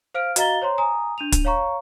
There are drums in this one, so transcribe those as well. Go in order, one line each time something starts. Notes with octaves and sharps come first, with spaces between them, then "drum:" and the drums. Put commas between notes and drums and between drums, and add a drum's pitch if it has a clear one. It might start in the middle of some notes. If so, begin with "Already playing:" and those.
C5 F5 F6 D7
F#4 D#5 F5 A#5 A6 G7, drum: hi-hat
C5 C#5 A#5 C6
G#5 A#5 D#6
D4 D#7 F7
drum: kick, hi-hat
C#5 F5 A#5 C#6